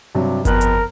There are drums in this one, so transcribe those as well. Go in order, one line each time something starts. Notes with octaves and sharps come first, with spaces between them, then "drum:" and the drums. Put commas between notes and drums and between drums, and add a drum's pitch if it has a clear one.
G2 C3 F#3
F2 B3 A#4 F#6, drum: kick G1, hi-hat
drum: hi-hat